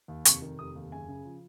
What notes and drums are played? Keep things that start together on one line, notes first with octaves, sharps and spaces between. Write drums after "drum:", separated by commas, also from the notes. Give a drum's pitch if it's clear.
D#2
F1 C#6, drum: hi-hat
D#3
F1 D#6
D#2
F#1 G#5
C#3
F3